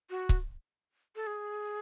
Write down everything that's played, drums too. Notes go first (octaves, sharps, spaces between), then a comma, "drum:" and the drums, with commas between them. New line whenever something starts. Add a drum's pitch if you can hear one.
F#4
drum: kick C#1
A4
G#4